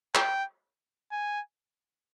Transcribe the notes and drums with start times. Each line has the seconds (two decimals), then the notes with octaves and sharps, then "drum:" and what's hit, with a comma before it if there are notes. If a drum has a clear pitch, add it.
0.15 G5, drum: clap
1.12 G#5